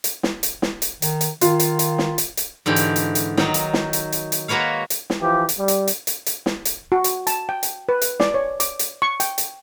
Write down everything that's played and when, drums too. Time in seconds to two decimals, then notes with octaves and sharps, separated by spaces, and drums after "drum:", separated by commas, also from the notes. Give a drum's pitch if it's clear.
0.04 drum: hi-hat
0.23 drum: snare
0.43 drum: hi-hat
0.62 drum: snare
0.82 drum: hi-hat
1.02 D#3, drum: hi-hat
1.21 drum: hi-hat
1.41 D#3 F4, drum: hi-hat
1.60 drum: hi-hat
1.79 drum: hi-hat
1.98 drum: snare
2.18 drum: hi-hat
2.37 drum: hi-hat
2.66 G#2 D3 E3 G4
2.76 drum: hi-hat
2.96 drum: hi-hat
3.15 drum: hi-hat
3.37 D#3 F#3 D#4, drum: snare
3.54 drum: hi-hat
3.74 drum: snare
3.93 drum: hi-hat
4.12 drum: hi-hat
4.32 drum: hi-hat
4.48 G#3 A#3 F#4 B4 C#5 F5
4.90 drum: hi-hat
5.10 drum: snare
5.21 E3 F3 G4
5.49 drum: hi-hat
5.58 G3
5.68 drum: hi-hat
5.88 drum: hi-hat
6.07 drum: hi-hat
6.26 drum: hi-hat
6.46 drum: snare
6.65 drum: hi-hat
6.92 F#4
7.04 drum: hi-hat
7.27 A5, drum: hi-hat
7.49 G5
7.63 drum: hi-hat
7.89 B4
8.02 drum: hi-hat
8.20 D5, drum: snare
8.34 C#5
8.60 D6, drum: hi-hat
8.79 drum: hi-hat
9.02 C#6
9.20 G5, drum: hi-hat
9.38 drum: hi-hat